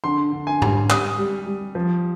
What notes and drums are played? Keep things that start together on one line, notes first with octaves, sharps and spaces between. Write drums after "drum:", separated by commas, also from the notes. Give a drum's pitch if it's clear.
D3 C6
D3
G#5
G3, drum: tom G#2
G3 D#6, drum: clap
G3
G3
F3